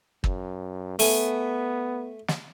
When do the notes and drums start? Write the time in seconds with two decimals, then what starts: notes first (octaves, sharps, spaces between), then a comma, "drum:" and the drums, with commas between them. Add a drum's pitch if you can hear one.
0.24 F#2, drum: kick
0.99 A3 B3 G#5, drum: open hi-hat
2.28 drum: snare